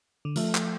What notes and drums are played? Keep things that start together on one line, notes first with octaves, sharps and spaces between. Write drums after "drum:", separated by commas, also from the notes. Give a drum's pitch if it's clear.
D3
F3 A3, drum: hi-hat
drum: clap